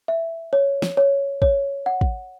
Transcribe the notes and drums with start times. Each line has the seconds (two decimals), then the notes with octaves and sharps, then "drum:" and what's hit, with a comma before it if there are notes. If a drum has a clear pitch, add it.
0.08 E5
0.53 C#5
0.82 drum: snare
0.97 C#5
1.42 C#5, drum: kick
1.86 F#5
2.01 drum: kick